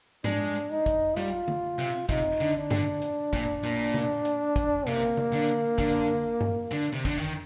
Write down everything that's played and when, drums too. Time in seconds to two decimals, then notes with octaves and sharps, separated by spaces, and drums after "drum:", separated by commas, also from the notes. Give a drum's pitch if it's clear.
0.24 G#3 D4, drum: tom G#2
0.55 drum: hi-hat
0.71 D#4
0.86 drum: kick, hi-hat
1.17 G3 F4, drum: hi-hat
1.48 drum: tom D3
1.79 C3
2.09 C3 D#4, drum: kick, hi-hat
2.41 D3, drum: hi-hat
2.56 D4
2.71 D3, drum: tom G2
3.02 drum: hi-hat
3.33 A#2, drum: kick, hi-hat
3.63 A#2, drum: hi-hat
3.94 drum: tom C#3
4.25 drum: hi-hat
4.56 drum: kick, hi-hat
4.87 C3 A#3, drum: hi-hat
5.17 drum: tom C#3
5.33 D3
5.48 drum: hi-hat
5.78 D3, drum: kick, hi-hat
6.41 drum: tom G2
6.71 D3, drum: hi-hat
6.93 C3
7.05 D3, drum: kick, hi-hat
7.17 D#3